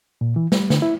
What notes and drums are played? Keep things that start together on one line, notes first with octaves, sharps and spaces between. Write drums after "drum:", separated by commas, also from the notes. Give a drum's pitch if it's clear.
A#2
E3
G3, drum: snare
D3, drum: snare
E4